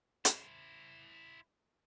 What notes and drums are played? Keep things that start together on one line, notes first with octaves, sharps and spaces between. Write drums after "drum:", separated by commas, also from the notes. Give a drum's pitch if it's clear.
E4 C5, drum: hi-hat